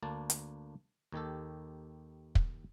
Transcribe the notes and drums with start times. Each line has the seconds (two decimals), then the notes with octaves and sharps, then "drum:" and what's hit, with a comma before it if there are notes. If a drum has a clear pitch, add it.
0.03 D2 A#3 D4 A5
0.30 drum: hi-hat
1.12 D#2 D#3 G4 A4
2.35 drum: kick